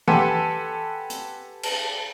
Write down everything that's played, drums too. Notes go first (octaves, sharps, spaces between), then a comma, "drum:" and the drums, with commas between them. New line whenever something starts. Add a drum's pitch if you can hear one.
G4 A4 B4 F#5 G#5 C6, drum: tom
drum: hi-hat
drum: cymbal